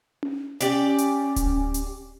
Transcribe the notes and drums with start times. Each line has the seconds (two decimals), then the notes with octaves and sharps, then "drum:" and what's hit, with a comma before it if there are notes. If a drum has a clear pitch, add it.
0.23 drum: tom C#4
0.61 C#4 G4 D5, drum: hi-hat
0.98 drum: hi-hat
1.36 drum: kick D1, hi-hat
1.74 drum: hi-hat